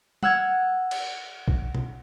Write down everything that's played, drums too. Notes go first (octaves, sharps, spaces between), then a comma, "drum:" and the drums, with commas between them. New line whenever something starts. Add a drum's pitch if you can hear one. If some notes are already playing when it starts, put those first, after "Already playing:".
F#5 E6 F6 G#6, drum: tom G3
drum: cymbal
drum: kick A#1
drum: tom B2